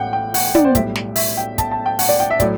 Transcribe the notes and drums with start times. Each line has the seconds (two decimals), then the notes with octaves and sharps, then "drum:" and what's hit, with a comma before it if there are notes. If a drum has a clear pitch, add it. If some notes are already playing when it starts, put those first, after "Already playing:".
Already playing: A1 A2 F#5 G5
0.13 G5
0.34 F#5, drum: open hi-hat
0.55 D5, drum: tom
0.64 C5
0.75 B1 A2 G3 E5, drum: kick, hi-hat
0.95 drum: snare
1.16 E5, drum: open hi-hat
1.37 G5
1.58 A5, drum: kick, hi-hat
1.71 A5
1.86 G5
1.99 F#5, drum: open hi-hat
2.09 D5
2.20 G5
2.30 E5
2.40 A2 F#3 D5, drum: kick, hi-hat